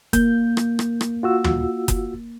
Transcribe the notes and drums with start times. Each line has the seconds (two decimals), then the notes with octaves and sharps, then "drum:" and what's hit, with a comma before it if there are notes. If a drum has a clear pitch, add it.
0.13 A#3 G6, drum: kick F#1, hi-hat
0.57 drum: rim click
0.79 drum: rim click
1.01 drum: rim click
1.23 F4 F#4 E6
1.44 drum: tom
1.88 drum: kick F#1, hi-hat